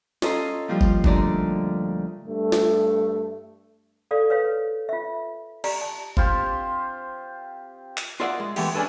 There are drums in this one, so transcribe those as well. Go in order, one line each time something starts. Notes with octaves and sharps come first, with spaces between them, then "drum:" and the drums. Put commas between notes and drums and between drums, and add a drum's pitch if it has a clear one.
C#4 F4 A4 D#5 A#5 C6, drum: snare
A#2 F3 G3 F4
drum: kick G1
D2 D3 D5 A#5, drum: kick G1
G2 A3
drum: snare
A4 D5 F5
B4 C#5 F5
F4 E5
G4 D5 A#5, drum: cymbal
A5
C4 F4 G4 C5, drum: kick G1
drum: clap
F4 G#4 A#4 D5 E5 F#5
G#3
E3 G#3 A3 B3 G4, drum: cymbal
C#4 D4 G#4 A4 B4